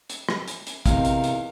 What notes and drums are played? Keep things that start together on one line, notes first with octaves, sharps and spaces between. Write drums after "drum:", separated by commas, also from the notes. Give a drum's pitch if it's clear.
drum: hi-hat
drum: rim click
drum: hi-hat
drum: hi-hat
E2 C3 D#4 A#4 F5, drum: kick, hi-hat
drum: hi-hat
drum: hi-hat